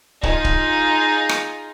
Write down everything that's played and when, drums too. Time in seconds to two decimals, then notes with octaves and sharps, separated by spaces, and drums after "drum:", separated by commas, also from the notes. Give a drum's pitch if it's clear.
0.23 D#4 F4 G#4, drum: kick
0.44 drum: kick
1.29 drum: rim click